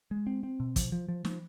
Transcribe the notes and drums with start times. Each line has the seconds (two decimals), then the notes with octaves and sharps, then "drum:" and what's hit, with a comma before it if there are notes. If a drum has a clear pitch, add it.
0.11 G#3
0.27 C4
0.43 C4
0.60 B2
0.76 F3, drum: kick, hi-hat
0.92 F3
1.08 F3
1.25 F3, drum: snare